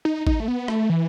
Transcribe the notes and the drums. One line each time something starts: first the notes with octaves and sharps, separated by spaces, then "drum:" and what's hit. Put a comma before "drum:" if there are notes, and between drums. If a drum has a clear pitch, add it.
D#4
D#4, drum: kick G#1
A3
B3
A3, drum: rim click
E3